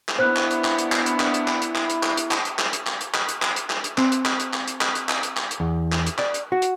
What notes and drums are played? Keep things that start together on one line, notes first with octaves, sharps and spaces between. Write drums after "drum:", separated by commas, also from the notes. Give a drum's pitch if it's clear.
drum: clap
B3 D4 E4 C5 F#6
drum: clap
drum: hi-hat
drum: clap
drum: hi-hat
drum: clap
drum: hi-hat
drum: clap
drum: hi-hat
drum: clap
drum: hi-hat
drum: clap
drum: hi-hat
drum: clap
drum: hi-hat
drum: clap
drum: hi-hat
drum: clap
drum: hi-hat
drum: clap
drum: hi-hat
drum: clap
drum: hi-hat
drum: clap
drum: hi-hat
drum: clap
drum: hi-hat
C4, drum: clap
drum: hi-hat
drum: clap
drum: hi-hat
drum: clap
drum: hi-hat
drum: clap
drum: hi-hat
drum: clap
drum: hi-hat
drum: clap
drum: hi-hat
E2
drum: clap
drum: hi-hat
D5, drum: clap
drum: hi-hat
F#4
drum: hi-hat